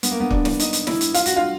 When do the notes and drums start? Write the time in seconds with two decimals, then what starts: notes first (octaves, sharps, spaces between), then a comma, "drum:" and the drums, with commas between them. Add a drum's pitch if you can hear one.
0.03 B3, drum: hi-hat
0.11 A#3
0.20 B3
0.31 D4, drum: kick
0.45 drum: snare
0.59 D#4, drum: hi-hat
0.73 drum: hi-hat
0.87 E4, drum: snare
1.01 drum: hi-hat
1.14 F4, drum: hi-hat
1.26 F#4, drum: hi-hat
1.36 F4